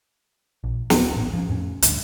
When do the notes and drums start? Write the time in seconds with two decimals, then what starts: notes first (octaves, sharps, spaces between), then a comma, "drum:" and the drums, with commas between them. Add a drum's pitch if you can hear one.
0.64 A#1
0.90 D1 C4 C#4, drum: snare
1.16 A1 A2
1.33 F3 B3 C#4
1.49 F2 A2 C#4
1.82 G1 D2 G2 D3, drum: hi-hat